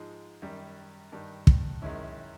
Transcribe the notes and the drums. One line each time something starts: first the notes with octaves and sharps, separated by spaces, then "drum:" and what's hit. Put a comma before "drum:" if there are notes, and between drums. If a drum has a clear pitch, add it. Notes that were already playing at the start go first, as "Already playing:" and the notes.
Already playing: G#2 F3 G#3
F#2 D#3 G3
G2 D#3 G3
drum: kick
F#2 D#3 G#3 C#4 E4